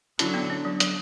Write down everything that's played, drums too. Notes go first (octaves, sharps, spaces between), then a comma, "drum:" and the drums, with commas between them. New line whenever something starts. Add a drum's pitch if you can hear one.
D3 F#3 C#4 E4, drum: hi-hat
B3 D4
C#4
F#3
F#3, drum: hi-hat